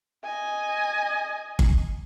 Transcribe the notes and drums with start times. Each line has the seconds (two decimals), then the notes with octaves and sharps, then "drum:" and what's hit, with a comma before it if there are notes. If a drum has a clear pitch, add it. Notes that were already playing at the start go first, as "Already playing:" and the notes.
0.24 D#5 G#5
1.59 drum: kick G1